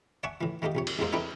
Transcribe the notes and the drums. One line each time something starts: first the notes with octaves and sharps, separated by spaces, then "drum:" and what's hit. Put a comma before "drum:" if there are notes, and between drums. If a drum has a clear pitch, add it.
D5 E5 F#5 G#5 A5 C#6
A2 E3
D#3 A3 A#3 D#4 G4
A#1 C3 C#5
drum: cymbal
A1 E2 G#3 A#3 C5
C4 D#4 E4 A4 B4 D5